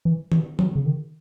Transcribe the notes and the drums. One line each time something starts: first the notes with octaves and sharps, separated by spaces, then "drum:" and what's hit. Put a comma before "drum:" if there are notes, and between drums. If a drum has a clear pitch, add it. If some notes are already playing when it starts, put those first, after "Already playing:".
E3
E3, drum: tom D#3
F#3, drum: tom D#3
C#3
D#3